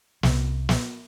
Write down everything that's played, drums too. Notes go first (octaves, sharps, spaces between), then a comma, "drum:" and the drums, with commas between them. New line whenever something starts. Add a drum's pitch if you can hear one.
C2, drum: snare
drum: snare